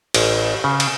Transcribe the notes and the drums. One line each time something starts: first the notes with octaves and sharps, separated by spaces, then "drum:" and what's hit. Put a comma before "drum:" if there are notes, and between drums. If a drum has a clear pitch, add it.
A1, drum: cymbal
C#3
drum: cymbal